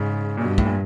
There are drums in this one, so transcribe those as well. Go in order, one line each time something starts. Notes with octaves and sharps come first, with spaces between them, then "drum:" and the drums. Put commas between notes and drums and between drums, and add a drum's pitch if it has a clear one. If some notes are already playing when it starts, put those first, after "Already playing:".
Already playing: G#2 C#3
A#2
G2 B2
A2, drum: kick
A#2